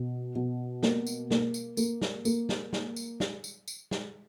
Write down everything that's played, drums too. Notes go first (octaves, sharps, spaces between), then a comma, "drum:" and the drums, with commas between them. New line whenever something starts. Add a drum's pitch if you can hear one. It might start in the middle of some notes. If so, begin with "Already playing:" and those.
Already playing: B2
B2
A#3, drum: snare
drum: tambourine
A#3, drum: snare
drum: tambourine
A#3, drum: tambourine
drum: snare
A#3, drum: tambourine
drum: snare
drum: snare
drum: tambourine
drum: snare
drum: tambourine
drum: tambourine
drum: snare